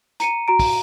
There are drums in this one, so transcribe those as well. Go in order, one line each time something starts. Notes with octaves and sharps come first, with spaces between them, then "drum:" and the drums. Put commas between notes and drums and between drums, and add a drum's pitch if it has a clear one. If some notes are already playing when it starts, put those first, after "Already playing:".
A#5 C#7 D#7, drum: hi-hat
F#4 A#5 D7
drum: kick, open hi-hat